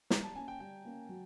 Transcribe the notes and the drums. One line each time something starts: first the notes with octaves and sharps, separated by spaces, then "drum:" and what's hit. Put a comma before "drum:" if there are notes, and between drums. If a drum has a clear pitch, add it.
G3 A#5, drum: snare
A5
A#3 C#4 G#5
G5
G3 G5
A#3 C#4
F#3